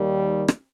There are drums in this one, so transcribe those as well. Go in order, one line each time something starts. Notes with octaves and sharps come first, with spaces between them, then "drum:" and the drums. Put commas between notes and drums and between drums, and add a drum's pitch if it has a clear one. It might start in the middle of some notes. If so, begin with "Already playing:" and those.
Already playing: D#2 D#3 G3
drum: rim click